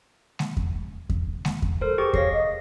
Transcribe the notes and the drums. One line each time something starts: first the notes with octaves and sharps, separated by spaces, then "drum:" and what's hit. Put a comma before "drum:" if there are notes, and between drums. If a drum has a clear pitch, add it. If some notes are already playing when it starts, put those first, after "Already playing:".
drum: snare G#3
drum: kick E2
drum: kick E2
drum: snare G#3
drum: kick E2
A4 A#4 C5
G4 G#4 C#6
C#5 F5 A#6 C7, drum: kick E2
D#5